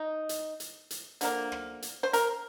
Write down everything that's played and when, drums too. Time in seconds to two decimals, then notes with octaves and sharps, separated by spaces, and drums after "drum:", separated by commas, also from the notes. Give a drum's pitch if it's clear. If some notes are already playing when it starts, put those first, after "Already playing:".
Already playing: D#4
0.29 drum: hi-hat
0.60 drum: hi-hat
0.91 drum: hi-hat
1.21 D3 F3 A#3, drum: hi-hat
1.52 drum: rim click
1.82 drum: hi-hat
2.03 C5
2.13 A#4, drum: hi-hat